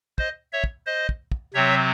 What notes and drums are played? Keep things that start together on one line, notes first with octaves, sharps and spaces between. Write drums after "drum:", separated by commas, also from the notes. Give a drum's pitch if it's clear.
C5 D#5, drum: kick
C#5 E5
drum: kick
C5 D#5
drum: kick
drum: kick
C3 F#3 C4 C#5 E5